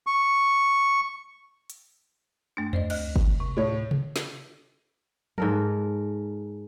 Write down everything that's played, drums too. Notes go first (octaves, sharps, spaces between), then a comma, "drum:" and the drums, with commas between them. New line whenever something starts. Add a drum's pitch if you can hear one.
C#6
drum: hi-hat
G2 A3 D4
C5 D5 D#5, drum: tom E2
D2 D#5 F#6, drum: cymbal
drum: kick G1
C3
A2 C#5
drum: tom C3
drum: snare
G#2 A4 A#4, drum: tom F3